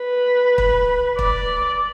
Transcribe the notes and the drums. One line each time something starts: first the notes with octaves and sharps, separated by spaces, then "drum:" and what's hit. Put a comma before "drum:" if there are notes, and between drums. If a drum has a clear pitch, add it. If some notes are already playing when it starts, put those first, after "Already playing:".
Already playing: B4
drum: kick
D5, drum: kick